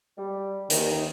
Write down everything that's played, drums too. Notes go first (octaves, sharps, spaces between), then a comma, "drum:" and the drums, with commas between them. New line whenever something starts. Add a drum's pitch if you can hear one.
G3
D#2 D#3, drum: hi-hat